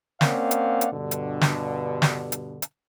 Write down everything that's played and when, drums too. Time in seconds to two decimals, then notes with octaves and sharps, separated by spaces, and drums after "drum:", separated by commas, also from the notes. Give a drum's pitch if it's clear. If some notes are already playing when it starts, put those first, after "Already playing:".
0.21 A#3 C4 C#4 D5 F5 F#5, drum: snare
0.51 drum: hi-hat
0.81 drum: hi-hat
0.92 G2 B2 D3
1.11 drum: hi-hat
1.41 drum: snare
2.02 drum: snare
2.32 drum: hi-hat
2.62 drum: hi-hat